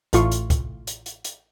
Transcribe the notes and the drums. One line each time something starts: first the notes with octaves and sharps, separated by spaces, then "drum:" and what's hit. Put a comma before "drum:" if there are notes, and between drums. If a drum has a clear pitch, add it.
A1 A2 F4 C#6, drum: hi-hat
drum: hi-hat
drum: kick C#2, hi-hat
drum: hi-hat
drum: hi-hat
drum: hi-hat